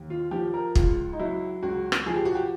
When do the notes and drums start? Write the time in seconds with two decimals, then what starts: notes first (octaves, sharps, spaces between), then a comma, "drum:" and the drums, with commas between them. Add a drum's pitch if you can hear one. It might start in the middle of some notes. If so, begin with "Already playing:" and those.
Already playing: D#2
0.10 F4
0.31 F3 G4
0.54 A#4
0.75 C#2 F4, drum: kick
1.13 D#4
1.20 F#3 E4
1.62 C#2 F#4
1.92 drum: rim click
2.06 F3 G#4
2.16 G4
2.25 F#4
2.35 G4